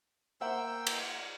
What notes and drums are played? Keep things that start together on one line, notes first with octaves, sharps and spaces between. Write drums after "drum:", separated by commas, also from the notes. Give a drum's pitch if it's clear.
A#3 C5 E5 F#5 G5 E6
drum: cymbal